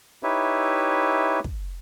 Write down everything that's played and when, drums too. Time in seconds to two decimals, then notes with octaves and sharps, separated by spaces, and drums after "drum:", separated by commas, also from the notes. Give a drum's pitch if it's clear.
0.23 D#4 E4 G4 B4 C#5 E5
1.44 drum: kick